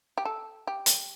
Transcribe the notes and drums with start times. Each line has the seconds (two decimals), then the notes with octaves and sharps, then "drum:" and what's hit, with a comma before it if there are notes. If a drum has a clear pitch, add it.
0.18 G4
0.25 A4
0.67 G4
0.86 drum: hi-hat